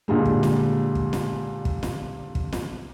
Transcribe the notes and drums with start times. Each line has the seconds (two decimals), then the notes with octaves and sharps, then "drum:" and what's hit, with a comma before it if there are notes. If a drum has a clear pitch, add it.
0.08 A#2 D3 G3 G#3
0.25 drum: kick
0.43 drum: snare
0.95 drum: kick
1.13 drum: snare
1.65 drum: kick
1.83 drum: snare
2.35 drum: kick
2.52 drum: snare